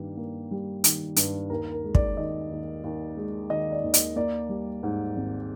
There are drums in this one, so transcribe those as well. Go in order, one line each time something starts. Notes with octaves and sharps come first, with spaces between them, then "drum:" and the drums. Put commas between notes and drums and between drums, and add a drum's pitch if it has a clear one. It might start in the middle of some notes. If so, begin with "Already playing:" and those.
Already playing: G2 D#3 G3 A#3
A#3
G3
D#3, drum: hi-hat
G2, drum: hi-hat
D#2 A#4
A#4
G#3
D5, drum: kick
D#3 D#5
D#2
D#2
G#3
D#3 D#5
D5
D#2
D#5, drum: hi-hat
A#3 D5
G3
G#2
G#1